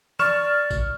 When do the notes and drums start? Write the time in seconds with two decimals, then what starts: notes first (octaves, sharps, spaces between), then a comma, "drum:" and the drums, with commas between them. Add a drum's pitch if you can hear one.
0.19 D5 C#6 F6 E7, drum: tom
0.71 drum: kick A1, tambourine